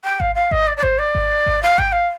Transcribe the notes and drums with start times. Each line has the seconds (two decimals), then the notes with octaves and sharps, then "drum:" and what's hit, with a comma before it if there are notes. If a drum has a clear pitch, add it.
0.04 G5
0.20 F5, drum: kick G#1
0.35 F5
0.51 D#5, drum: kick G#1
0.67 D5
0.77 D5
0.83 C5, drum: kick G#1
0.98 D5
1.15 drum: kick G#1
1.46 drum: kick G#1
1.62 F5
1.78 G5, drum: kick G#1
1.92 F5